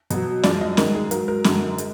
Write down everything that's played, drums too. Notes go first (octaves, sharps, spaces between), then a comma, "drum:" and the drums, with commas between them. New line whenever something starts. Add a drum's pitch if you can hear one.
B2 F#3, drum: hi-hat
F#2 F3 G#3 D5, drum: snare C#4
D#5
G#2 D#3 G#3 A#4, drum: snare C#4
G#4
G#2 F#3 A#4, drum: hi-hat
A#4
F#2 D3 G#3, drum: snare C#4
G#3, drum: hi-hat